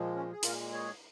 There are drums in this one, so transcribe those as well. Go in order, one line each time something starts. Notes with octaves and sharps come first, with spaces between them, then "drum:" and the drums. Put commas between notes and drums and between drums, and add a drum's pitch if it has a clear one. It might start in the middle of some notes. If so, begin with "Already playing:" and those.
Already playing: A#2 F3 G#3
C#4
G#4
A#2 G#3 F4 A#4, drum: hi-hat
G#4 C#5